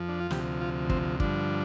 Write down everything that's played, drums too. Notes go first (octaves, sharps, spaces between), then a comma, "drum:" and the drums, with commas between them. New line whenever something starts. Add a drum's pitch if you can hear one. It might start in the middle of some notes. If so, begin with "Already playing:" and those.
Already playing: F2 F3
D4
F4
D2 C3 F3 G4, drum: snare
F4
C4, drum: kick
G2 D3 F3 D4, drum: kick